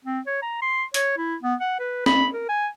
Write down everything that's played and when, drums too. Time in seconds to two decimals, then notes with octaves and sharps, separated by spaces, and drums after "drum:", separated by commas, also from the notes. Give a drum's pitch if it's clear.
0.05 C4
0.27 C#5
0.42 A#5
0.62 C6
0.94 C#5, drum: hi-hat
1.18 E4
1.43 B3
1.61 F#5
1.79 B4
2.06 B5, drum: snare
2.33 A#4
2.49 G#5